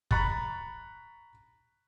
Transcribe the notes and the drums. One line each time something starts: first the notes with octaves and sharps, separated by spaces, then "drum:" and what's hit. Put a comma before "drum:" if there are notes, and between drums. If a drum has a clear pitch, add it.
A#5 B5 C#6 F#6 A6, drum: kick